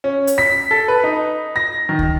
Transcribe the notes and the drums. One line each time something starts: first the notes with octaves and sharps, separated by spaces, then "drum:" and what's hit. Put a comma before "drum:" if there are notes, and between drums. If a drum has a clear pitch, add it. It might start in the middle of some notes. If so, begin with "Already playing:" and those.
C#4
drum: hi-hat
B6
A4
B4
D#4
A#6
D#3
drum: kick